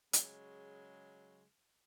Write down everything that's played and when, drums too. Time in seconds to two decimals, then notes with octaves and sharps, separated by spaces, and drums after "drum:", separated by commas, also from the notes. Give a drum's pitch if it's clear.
0.13 C#3 F#3 G#3, drum: hi-hat